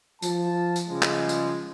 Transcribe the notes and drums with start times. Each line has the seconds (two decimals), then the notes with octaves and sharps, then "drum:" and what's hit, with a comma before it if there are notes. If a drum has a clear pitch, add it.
0.22 F3 A5, drum: tambourine
0.76 drum: tambourine
0.88 C#3 F3 G3 G#3
1.02 drum: clap
1.29 drum: tambourine